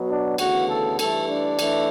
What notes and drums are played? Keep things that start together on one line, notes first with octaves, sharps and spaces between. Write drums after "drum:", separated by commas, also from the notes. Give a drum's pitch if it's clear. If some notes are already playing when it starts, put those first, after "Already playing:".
Already playing: B2 F#3 B3
D4
D2 C#3 E3 B3 F#4, drum: cymbal
A4
G2 E3 A3 A4, drum: cymbal
D4
E3 A3, drum: cymbal